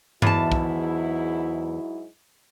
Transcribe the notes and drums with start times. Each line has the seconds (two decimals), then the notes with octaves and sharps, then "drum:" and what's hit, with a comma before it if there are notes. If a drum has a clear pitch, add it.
0.22 E2 G#2 F#3 E4 A5, drum: tom G2
0.52 drum: kick